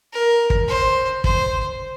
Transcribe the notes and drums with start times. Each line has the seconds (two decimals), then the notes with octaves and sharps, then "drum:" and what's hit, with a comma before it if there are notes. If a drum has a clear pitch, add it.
0.13 A#4
0.50 drum: kick
0.68 C5
1.24 C5, drum: kick